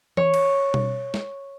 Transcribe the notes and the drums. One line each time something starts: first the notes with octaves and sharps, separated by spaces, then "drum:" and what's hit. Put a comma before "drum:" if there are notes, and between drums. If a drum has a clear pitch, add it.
C#5, drum: tom E3
drum: cymbal
drum: tom B2
drum: snare